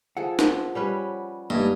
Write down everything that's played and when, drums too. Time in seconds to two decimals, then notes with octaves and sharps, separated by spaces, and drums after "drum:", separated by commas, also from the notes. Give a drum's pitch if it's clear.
0.17 F3 G#4 A4 F#5
0.39 drum: snare
0.75 G3 C#4 B4
1.50 G2 A3 A#3 D#4 F5 G#5